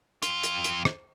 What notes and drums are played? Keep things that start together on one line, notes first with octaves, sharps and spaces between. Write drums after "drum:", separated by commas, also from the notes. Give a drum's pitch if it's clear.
F2 F4, drum: hi-hat
drum: hi-hat
drum: hi-hat
drum: rim click